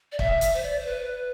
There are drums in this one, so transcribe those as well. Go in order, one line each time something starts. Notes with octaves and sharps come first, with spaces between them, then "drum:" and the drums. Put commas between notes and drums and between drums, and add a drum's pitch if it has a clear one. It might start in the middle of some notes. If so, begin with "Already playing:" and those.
D5
E5, drum: kick
drum: hi-hat
C5
D5
C5
B4